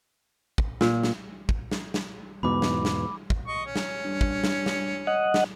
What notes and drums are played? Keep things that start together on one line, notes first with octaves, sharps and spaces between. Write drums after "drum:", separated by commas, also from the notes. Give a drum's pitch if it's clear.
drum: kick
A#2, drum: snare
drum: snare
drum: kick
drum: snare
drum: snare
E2 G#2 B2 B5 D6
drum: snare
drum: snare
drum: kick
D#5 C#6
C#4
drum: snare
G2
drum: kick
drum: snare
drum: snare
D#5 F#5
drum: snare